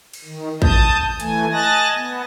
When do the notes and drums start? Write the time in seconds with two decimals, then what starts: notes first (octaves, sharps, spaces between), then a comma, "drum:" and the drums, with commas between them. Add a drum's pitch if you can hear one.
0.13 drum: cymbal
0.24 D#3
0.62 A5 D#6 G6, drum: kick
1.20 E3 A3 G#5, drum: hi-hat
1.52 D#5 G#5 A5 F#6 A6 A#6
1.95 B3